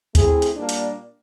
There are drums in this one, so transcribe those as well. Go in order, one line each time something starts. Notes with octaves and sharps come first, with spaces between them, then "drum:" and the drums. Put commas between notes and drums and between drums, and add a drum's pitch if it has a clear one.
A3 C4 E4 G#4, drum: kick D2, hi-hat
drum: hi-hat
A#2 G3 A#3 D4
drum: hi-hat